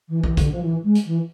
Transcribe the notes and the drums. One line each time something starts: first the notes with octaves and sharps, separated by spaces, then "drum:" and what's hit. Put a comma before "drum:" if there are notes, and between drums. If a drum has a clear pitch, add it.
E3
E3, drum: kick
D3, drum: kick, hi-hat
F3
E3
G#3
drum: hi-hat
E3